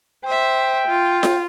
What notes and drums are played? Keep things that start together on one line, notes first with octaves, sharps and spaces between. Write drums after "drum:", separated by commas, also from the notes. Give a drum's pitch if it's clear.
C5 E5 G5
F4
drum: snare F4